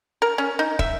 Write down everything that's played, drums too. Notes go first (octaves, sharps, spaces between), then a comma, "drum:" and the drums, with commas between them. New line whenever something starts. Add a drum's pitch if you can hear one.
A#4
C#4
D#4
E5, drum: kick